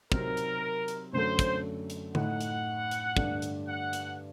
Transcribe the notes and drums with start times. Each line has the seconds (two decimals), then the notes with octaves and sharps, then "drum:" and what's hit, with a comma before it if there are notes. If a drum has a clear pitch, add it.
0.12 C3 F#3 C4 D#4 A#4, drum: kick
0.37 drum: hi-hat
0.88 drum: hi-hat
1.13 F#2 D3 F#3 A3 C5
1.39 drum: kick, hi-hat
1.90 drum: hi-hat
2.15 A2 A3 D#4 F#5, drum: tom D3
2.41 drum: hi-hat
2.91 drum: hi-hat
3.17 G2 D3 A3 D4, drum: kick
3.42 drum: hi-hat
3.68 F#5
3.93 drum: hi-hat